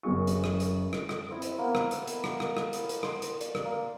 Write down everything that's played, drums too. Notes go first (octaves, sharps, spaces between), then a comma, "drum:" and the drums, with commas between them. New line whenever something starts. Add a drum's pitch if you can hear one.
F#1 F#2 G#4 C#6
drum: hi-hat
drum: rim click
drum: hi-hat
drum: rim click
drum: rim click
C4 E4
drum: hi-hat
A#3 B3
drum: rim click
drum: hi-hat
drum: hi-hat
drum: rim click
drum: rim click
drum: rim click
drum: hi-hat
drum: hi-hat
C6, drum: rim click
drum: hi-hat
D5, drum: hi-hat
drum: rim click
A#3